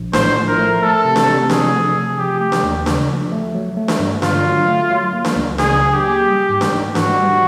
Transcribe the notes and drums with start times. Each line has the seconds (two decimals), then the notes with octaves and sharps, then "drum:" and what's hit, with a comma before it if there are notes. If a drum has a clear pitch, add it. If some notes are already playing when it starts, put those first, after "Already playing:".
Already playing: A#1
0.13 A2 C5, drum: snare D4
0.37 F3
0.48 A#4
0.58 A3
0.82 A3 A4
1.05 C3
1.16 drum: snare D4
1.27 C3
1.50 F3 G#4, drum: snare D4
1.72 A3
1.95 C3
2.18 F3 G4
2.40 A3
2.52 drum: snare D4
2.63 D#2
2.86 C#3, drum: snare D4
3.09 F3
3.32 A3
3.55 F#3
3.77 A3
3.88 drum: snare D4
3.99 G2
4.22 D3 F4, drum: snare D4
4.46 F#3
4.68 A3
4.91 F#3
5.13 A#3
5.25 drum: snare D4
5.36 C#2
5.58 C#3 G#4, drum: snare D4
5.81 F#3
5.93 G4
6.04 A#3
6.26 G3
6.49 G#2
6.61 drum: snare D4
6.73 G#2
6.95 E3 F#4, drum: snare D4
7.18 G3